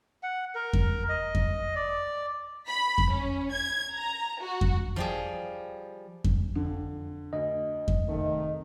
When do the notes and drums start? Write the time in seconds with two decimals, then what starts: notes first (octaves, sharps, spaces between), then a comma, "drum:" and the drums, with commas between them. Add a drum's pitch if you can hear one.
0.23 F#5
0.55 A#4
0.73 drum: kick F2
1.09 D#5
1.35 drum: kick F2
1.75 D5
2.68 B5
2.98 drum: kick F2
3.12 C#4
3.52 G#6
3.96 A#5
4.42 F#4
4.61 drum: kick F2
4.96 F3 G3 G#4
6.24 drum: kick F2
6.55 F2 D3
7.33 D2 D#5
7.88 drum: kick F2
8.09 C3 D#3 A3